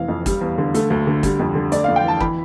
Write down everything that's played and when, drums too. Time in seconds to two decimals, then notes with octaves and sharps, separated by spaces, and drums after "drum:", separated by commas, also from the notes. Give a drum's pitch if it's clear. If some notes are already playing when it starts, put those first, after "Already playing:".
Already playing: F1 E3 F5
0.08 F2
0.26 G3, drum: kick, hi-hat
0.41 E2
0.58 D3
0.74 A3, drum: hi-hat
0.90 D2
1.07 D3
1.23 G3, drum: kick, hi-hat
1.40 F2
1.55 D3
1.72 A3 D5, drum: hi-hat
1.84 F2 F5
1.96 G5
2.04 E3 A5
2.20 E3 B5, drum: kick